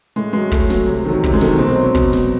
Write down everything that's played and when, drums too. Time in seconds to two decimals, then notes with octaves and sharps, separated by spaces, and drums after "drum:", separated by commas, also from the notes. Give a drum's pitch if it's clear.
0.16 A2 G#3, drum: hi-hat
0.33 F#3 G#3
0.51 A2 A3, drum: kick, hi-hat
0.70 F#3, drum: snare
0.87 C3, drum: hi-hat
1.05 D#3 F#3
1.24 C3, drum: kick, hi-hat
1.33 G#3
1.41 D#3 F#3 A3, drum: snare
1.59 B2 C4, drum: hi-hat
1.76 F#3
1.95 B2, drum: kick, hi-hat
2.13 F#3, drum: snare